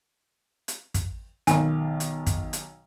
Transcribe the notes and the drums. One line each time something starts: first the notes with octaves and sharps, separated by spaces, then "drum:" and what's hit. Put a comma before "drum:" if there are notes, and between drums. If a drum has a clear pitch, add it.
drum: hi-hat
drum: kick, hi-hat
B1 D#3 G#5, drum: hi-hat
drum: hi-hat
drum: kick, hi-hat
drum: hi-hat